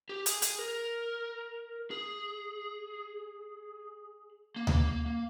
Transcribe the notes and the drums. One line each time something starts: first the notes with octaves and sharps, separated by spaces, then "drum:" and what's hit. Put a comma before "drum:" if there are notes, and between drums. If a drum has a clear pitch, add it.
G4
G#4, drum: hi-hat
G#4, drum: hi-hat
A#4
G#4
A#3
G#3, drum: tom D2
A#3
A#3
A#3